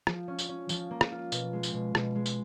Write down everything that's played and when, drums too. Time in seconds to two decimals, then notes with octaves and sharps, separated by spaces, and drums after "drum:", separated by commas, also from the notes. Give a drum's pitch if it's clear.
0.07 F3, drum: rim click
0.28 C#4
0.39 drum: tambourine
0.49 C#4
0.69 F3, drum: tambourine
0.91 A#3
1.01 drum: rim click
1.12 F4
1.32 B2, drum: tambourine
1.53 G#3
1.63 drum: tambourine
1.74 B2
1.95 B2, drum: rim click
2.15 G#3
2.26 drum: tambourine